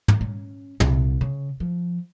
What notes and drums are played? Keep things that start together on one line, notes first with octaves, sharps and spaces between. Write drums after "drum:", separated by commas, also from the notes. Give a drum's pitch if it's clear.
drum: tom
C#4
C2, drum: tom
C#3
F3